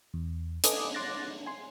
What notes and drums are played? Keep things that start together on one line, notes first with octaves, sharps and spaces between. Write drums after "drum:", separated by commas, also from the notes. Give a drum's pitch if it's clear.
E2
A4 B4 D#5 G#5 D6 D#6, drum: hi-hat
C6 D6 F#6 A6 A#6
G#5 C6